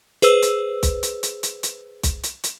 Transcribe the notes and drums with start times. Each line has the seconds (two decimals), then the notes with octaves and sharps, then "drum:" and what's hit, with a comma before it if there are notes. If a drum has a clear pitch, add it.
0.22 G#4 B4 C5 E6, drum: hi-hat
0.42 drum: hi-hat
0.83 drum: kick, hi-hat
1.03 drum: hi-hat
1.23 drum: hi-hat
1.43 drum: hi-hat
1.63 drum: hi-hat
2.03 drum: kick, hi-hat
2.24 drum: hi-hat
2.44 drum: hi-hat